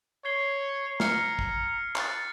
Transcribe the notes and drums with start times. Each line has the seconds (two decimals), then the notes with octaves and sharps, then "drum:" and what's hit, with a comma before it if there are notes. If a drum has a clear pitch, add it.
0.25 C#5 G#6 C7 G7
1.00 A#5 F6 C#7, drum: snare
1.39 drum: kick
1.96 D#6 F#6 A6, drum: clap